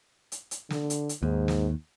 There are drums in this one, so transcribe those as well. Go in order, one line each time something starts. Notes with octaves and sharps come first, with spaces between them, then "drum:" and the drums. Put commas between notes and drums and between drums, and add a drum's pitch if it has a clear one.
drum: hi-hat
drum: hi-hat
D3, drum: snare
drum: hi-hat
drum: hi-hat
D#2 G#2
drum: snare